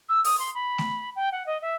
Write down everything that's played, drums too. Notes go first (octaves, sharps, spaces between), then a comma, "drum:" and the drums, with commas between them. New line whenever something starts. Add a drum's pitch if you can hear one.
E6
D#6, drum: open hi-hat
C6
B5
drum: snare A3
G5
F#5
D#5
E5